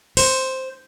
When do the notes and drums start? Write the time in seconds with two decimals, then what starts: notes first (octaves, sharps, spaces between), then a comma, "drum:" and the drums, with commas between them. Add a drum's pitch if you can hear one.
0.17 C5, drum: open hi-hat